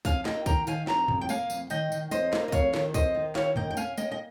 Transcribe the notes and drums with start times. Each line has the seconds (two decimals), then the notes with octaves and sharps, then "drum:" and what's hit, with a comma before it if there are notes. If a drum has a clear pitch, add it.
0.05 F2 F5 G#5, drum: kick, tambourine
0.25 A#3 D#5 G5, drum: snare
0.46 D#3 G5 A#5, drum: kick, tambourine
0.67 D#3 F5 G#5, drum: tambourine
0.87 F2 G5 A#5, drum: snare
1.08 F2, drum: tom F2
1.21 G5
1.29 A#3 F5 G#5, drum: tambourine
1.50 F2, drum: tambourine
1.70 D#3 D#5 G5, drum: tambourine
1.92 D#3, drum: tambourine
2.11 F2 C5 D#5, drum: tambourine
2.33 A#3, drum: snare
2.48 D#5
2.52 F2 C#5 F5, drum: kick, tambourine
2.74 D#3, drum: snare
2.94 F2 C5 D#5, drum: kick, tambourine
3.14 D#3
3.35 D#3 C#5 F5, drum: snare
3.56 A#3 D#5 G5, drum: tom F2
3.71 G5
3.77 C#4 F5 G#5, drum: tambourine
3.97 A#3 D#5 G5, drum: tambourine
4.11 D#5